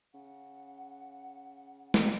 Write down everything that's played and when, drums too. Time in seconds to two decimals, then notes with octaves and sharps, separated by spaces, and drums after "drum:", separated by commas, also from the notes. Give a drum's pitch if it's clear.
0.14 C#3 F#5
1.94 drum: snare